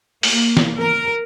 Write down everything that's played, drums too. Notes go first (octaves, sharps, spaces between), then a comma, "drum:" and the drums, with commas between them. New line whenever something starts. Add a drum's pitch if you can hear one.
A#3, drum: open hi-hat
drum: snare
A#4